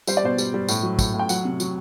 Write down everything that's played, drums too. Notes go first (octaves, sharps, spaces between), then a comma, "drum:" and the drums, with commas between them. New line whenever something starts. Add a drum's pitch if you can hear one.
G3 C5, drum: tambourine
D5
B2 C5
G3, drum: tambourine
G3
A2, drum: tambourine
F#3
A2, drum: kick, tambourine
A2
G5
F#3 F#5, drum: tambourine
C3
F#3, drum: tambourine